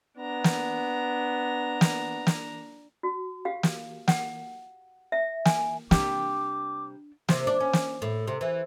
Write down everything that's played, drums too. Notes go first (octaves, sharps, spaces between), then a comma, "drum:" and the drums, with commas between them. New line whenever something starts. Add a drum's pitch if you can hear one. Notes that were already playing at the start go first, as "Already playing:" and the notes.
B3 D4 A#5
drum: snare
drum: snare
drum: snare
F#4
G4 F5
drum: snare
F#5, drum: snare
E5
G#5, drum: snare
C3 G3 D4 G4 D6, drum: snare
C3, drum: snare
D4
C#4
drum: snare
A2
C3
E3